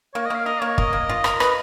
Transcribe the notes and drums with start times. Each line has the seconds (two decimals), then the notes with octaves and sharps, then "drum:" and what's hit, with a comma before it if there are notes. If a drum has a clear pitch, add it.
0.14 A#3 C#5
0.25 D#5
0.30 A#3 F5
0.46 A#4 D#5
0.61 A#3 C#5
0.78 A#4 D#5, drum: kick
0.93 A#3
1.09 F4
1.24 A#4, drum: rim click
1.40 B4, drum: rim click